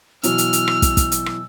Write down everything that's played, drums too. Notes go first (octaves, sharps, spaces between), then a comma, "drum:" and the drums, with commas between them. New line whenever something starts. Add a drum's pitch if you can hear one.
B2 E3 F#3 E6 F6, drum: hi-hat
drum: hi-hat
drum: hi-hat
drum: rim click
drum: kick, hi-hat
drum: kick, hi-hat
drum: hi-hat
drum: rim click